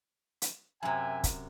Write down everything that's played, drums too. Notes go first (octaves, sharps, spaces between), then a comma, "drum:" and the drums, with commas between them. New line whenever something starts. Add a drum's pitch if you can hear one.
drum: hi-hat
F#2 C3 E5 G5 G#5
drum: kick, hi-hat